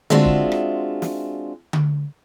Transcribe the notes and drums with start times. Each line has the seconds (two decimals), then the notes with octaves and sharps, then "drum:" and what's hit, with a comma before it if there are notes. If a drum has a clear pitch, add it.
0.10 G#3 C4 D4 F4 F#4 E5, drum: tom D3
0.25 drum: kick C#1
0.52 drum: rim click
1.02 drum: snare
1.73 drum: tom D3